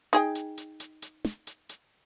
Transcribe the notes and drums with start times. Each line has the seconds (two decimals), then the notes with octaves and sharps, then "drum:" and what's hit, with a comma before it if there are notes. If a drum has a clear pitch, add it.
0.13 D#4 G#4 G5, drum: hi-hat
0.35 drum: hi-hat
0.58 drum: hi-hat
0.80 drum: hi-hat
1.02 drum: hi-hat
1.25 drum: snare
1.47 drum: hi-hat
1.69 drum: hi-hat